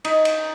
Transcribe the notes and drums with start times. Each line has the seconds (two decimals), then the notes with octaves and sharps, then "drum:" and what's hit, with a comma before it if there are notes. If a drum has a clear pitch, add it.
0.05 D#4, drum: cymbal
0.25 drum: cymbal